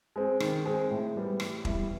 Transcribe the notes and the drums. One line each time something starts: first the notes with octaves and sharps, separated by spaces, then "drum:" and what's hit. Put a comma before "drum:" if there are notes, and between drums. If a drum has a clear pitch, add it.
G#3 C4
D#3, drum: rim click
G#3 C4
A2
E3 G3 B3 E4
A2, drum: rim click
E3 G3 B3 E4, drum: kick E1